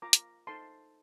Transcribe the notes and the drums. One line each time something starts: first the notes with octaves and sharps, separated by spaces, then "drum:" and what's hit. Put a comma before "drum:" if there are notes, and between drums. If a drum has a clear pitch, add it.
F4 A#4 A#5 D6
drum: hi-hat
D#4 A4 C5 A5 C6